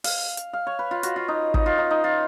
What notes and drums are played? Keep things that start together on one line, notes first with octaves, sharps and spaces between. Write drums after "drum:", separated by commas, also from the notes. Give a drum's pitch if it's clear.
F5, drum: open hi-hat
drum: hi-hat
F5
C#5
B4
F4
F#4, drum: hi-hat
F4
D#4
D#4, drum: kick
F4
D#4
D#4
F4